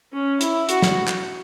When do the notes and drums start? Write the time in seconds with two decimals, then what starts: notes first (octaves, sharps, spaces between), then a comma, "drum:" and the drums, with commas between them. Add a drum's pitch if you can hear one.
0.13 C#4
0.41 E4, drum: hi-hat
0.69 F#4, drum: hi-hat
0.82 drum: snare
1.08 drum: clap